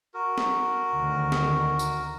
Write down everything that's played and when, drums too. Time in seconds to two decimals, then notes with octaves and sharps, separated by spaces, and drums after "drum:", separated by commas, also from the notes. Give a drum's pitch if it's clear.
0.14 F#4 A#4
0.38 drum: snare
0.91 D2 D#3
1.32 drum: snare
1.79 drum: tambourine